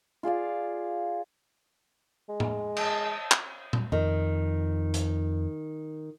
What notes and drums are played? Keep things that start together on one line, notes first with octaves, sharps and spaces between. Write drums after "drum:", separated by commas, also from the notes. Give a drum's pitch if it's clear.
F4 G#4 D5 F5
G#3
drum: tom A2
D#5 A5, drum: cymbal
drum: clap
drum: tom A#2
F2 D#3
drum: hi-hat